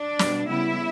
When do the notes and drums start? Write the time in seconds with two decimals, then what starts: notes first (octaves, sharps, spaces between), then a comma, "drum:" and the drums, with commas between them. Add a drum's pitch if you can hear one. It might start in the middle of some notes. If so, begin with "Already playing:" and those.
Already playing: D4 D5
0.19 B2 G3 B3, drum: snare
0.47 C#3 G3 B3 E4 E5